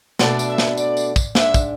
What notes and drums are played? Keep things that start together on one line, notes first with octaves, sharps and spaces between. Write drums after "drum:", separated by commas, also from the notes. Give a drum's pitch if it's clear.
B2 A3 D4 D5, drum: snare
drum: tambourine
E5
drum: snare
D5, drum: tambourine
drum: tambourine
drum: kick, tambourine
G#2 G#3 D4 E5, drum: snare
drum: kick, tambourine